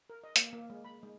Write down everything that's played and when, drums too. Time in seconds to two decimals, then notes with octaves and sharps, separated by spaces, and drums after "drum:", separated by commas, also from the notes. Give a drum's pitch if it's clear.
0.10 A#4
0.24 D#5
0.36 A#3, drum: hi-hat
0.53 A#3
0.70 G#3
0.85 B5
1.03 G#3